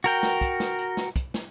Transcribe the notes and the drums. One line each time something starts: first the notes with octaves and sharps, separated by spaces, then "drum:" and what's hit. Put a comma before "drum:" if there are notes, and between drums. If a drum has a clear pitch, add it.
F#4 A#4 G5, drum: hi-hat
drum: snare
drum: kick, hi-hat
drum: snare
drum: hi-hat
drum: snare
drum: kick, hi-hat
drum: snare